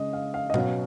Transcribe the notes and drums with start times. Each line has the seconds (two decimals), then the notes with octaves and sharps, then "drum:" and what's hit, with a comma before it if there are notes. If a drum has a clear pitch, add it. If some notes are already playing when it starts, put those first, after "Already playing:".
Already playing: C#3 G#3 C#4 D#5
0.13 F5
0.34 F5
0.50 D#5
0.54 B2 F#3 C#4 F5, drum: tom G#2